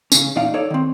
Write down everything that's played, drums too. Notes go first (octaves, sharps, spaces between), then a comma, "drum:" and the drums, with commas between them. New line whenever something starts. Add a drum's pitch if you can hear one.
C#3 C#4, drum: tambourine
E2 A#2 D#4 D5 F5
D#4 A4 C#5 D5
D#3 C4